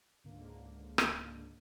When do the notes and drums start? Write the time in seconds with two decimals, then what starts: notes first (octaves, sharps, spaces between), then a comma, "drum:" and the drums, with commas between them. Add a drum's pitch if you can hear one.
0.24 C#2 G#2 D3 A#3
0.98 drum: rim click